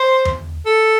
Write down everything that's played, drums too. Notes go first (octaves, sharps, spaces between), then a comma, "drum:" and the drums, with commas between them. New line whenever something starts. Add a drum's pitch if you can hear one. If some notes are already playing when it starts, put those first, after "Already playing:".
Already playing: C5
drum: tom E2
A4